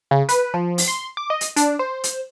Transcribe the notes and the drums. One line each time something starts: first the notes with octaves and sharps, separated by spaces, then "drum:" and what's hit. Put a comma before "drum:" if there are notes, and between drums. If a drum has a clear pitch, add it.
C#3
B4, drum: hi-hat
F3
drum: open hi-hat
C6
D6
D#5
drum: hi-hat
D4, drum: hi-hat
C5
drum: hi-hat